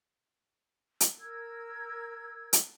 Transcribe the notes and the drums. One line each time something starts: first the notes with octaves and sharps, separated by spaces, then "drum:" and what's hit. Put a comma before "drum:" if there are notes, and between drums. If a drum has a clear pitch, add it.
drum: hi-hat
A#4 E6 G#6
drum: hi-hat